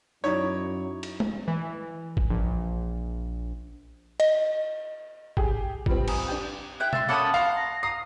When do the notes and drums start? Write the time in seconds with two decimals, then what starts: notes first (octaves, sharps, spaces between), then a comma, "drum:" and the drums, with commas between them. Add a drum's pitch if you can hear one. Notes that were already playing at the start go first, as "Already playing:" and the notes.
0.24 F#2 F#3 D#4 E4 C#5 D5
1.03 drum: cymbal
1.20 drum: tom G#3
1.48 E3
2.17 drum: kick
2.30 A#1
4.20 D#5, drum: cymbal
5.37 G4 G#4, drum: kick
5.86 G3 C4 F4 B4, drum: kick
6.08 G#5 A#5 D#6, drum: cymbal
6.28 D4 G4 G6
6.80 E4 G5 F#6
6.93 E5 C6 A6, drum: tom B2
7.09 A#3 C#4 A4 F#5 A5 B5 D#6
7.34 F5 A#5 C6
7.56 A#6
7.83 A#5 D#6 C7